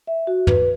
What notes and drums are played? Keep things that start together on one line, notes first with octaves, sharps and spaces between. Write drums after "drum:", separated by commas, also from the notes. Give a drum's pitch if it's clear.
E5
F#4
B4, drum: tom